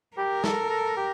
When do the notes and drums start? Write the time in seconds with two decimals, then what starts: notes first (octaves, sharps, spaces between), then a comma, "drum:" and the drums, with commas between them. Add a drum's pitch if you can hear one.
0.17 G4 A#4
0.44 A4, drum: snare
0.70 A4
0.97 G4